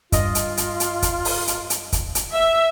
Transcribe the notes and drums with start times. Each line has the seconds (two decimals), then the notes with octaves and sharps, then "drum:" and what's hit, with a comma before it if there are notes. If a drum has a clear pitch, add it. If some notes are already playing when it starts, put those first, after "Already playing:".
0.12 G2 F4 D#5, drum: kick, hi-hat
0.35 drum: hi-hat
0.57 drum: hi-hat
0.80 drum: hi-hat
1.02 drum: kick, hi-hat
1.25 drum: open hi-hat
1.47 drum: hi-hat
1.70 drum: hi-hat
1.92 drum: kick, hi-hat
2.15 drum: hi-hat
2.34 E5